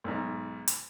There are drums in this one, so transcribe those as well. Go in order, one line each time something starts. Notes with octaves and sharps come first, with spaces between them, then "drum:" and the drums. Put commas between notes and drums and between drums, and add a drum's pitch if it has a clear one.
B1 G#2
drum: hi-hat